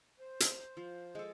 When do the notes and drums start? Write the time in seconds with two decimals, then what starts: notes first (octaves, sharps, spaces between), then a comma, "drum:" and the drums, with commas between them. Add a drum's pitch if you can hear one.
0.20 C5
0.40 drum: hi-hat
0.77 F3
1.15 G#3 A4